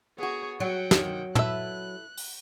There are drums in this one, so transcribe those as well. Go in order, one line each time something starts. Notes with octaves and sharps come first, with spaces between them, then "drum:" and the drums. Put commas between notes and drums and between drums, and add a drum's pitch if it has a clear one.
B3 F#4 G#4 C#5
F#3 F#5 G5
C3 D#3 A#3, drum: snare
E4 A4 B4 E5 F#6, drum: tom
drum: open hi-hat